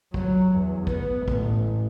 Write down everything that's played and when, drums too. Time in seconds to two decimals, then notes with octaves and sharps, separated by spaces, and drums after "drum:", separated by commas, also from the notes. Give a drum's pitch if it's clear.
0.14 F#3, drum: kick
0.56 E2
0.87 B3, drum: kick
1.28 A1, drum: kick